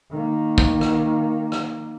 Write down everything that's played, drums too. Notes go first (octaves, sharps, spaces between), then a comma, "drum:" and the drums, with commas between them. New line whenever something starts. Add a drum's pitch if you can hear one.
D#3 A#3
drum: kick
drum: rim click
drum: rim click